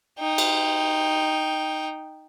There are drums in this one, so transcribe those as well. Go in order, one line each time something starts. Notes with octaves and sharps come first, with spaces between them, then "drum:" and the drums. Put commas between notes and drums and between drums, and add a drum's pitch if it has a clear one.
D#4 G5
drum: cymbal